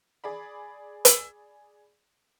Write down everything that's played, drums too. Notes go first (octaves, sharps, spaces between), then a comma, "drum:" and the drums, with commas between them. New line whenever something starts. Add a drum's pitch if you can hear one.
G#4 D5 B5
drum: hi-hat